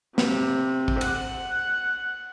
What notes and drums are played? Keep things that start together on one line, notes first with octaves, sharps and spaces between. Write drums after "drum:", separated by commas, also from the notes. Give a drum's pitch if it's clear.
C3, drum: snare
drum: kick
F#5, drum: cymbal